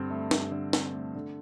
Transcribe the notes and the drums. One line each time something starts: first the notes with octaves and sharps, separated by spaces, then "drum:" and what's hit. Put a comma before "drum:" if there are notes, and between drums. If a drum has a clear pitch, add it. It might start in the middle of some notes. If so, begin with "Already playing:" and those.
Already playing: G2 D3 C4
A3
G2, drum: snare
D3
C4, drum: snare
A3
D3